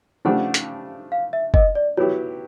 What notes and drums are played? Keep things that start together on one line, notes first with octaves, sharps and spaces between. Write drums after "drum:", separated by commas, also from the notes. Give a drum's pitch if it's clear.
C#3 F3 A3 D4 G4 F#5
drum: hi-hat
F5
E5
D#5, drum: kick
D5
F#3 B3 E4 G4 C#5